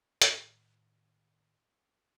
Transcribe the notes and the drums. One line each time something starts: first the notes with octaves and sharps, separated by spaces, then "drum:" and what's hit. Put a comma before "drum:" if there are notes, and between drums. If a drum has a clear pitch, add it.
A2 D#3, drum: hi-hat